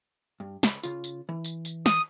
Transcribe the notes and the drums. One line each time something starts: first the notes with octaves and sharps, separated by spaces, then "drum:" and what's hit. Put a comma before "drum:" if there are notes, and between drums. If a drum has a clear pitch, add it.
G2
C#2 B5, drum: snare
C#3 F4, drum: tambourine
drum: tambourine
E3
drum: tambourine
drum: tambourine
D#6, drum: snare